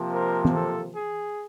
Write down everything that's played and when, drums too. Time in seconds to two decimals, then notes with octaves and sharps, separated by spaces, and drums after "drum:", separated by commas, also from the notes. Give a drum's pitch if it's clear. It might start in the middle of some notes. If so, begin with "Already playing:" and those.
Already playing: C3 F3 A#3
0.14 A#4
0.45 drum: tom E3
0.54 A4
0.94 G#4